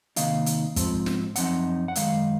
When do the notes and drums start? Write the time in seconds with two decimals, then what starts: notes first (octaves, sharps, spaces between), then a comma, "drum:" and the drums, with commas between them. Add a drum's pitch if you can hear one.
0.16 C3 D#3 A#3 D#4 F5, drum: hi-hat
0.46 drum: hi-hat
0.76 G#2 F3 C4, drum: kick, hi-hat
1.06 drum: snare
1.36 F#2 F3 C4 D#4 F#5, drum: hi-hat
1.88 F#5
1.95 F#2 D#3 G#3 F5, drum: hi-hat